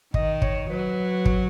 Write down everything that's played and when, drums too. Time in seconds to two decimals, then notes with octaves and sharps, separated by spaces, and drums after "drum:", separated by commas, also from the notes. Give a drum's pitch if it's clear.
0.14 D#3 D#5, drum: kick
0.42 C#5, drum: kick
0.70 F#3 B4
1.25 drum: kick